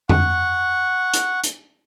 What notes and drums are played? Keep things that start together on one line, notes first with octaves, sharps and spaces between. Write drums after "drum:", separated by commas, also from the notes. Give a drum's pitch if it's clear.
F#5 C#6, drum: tom F2
drum: hi-hat
drum: hi-hat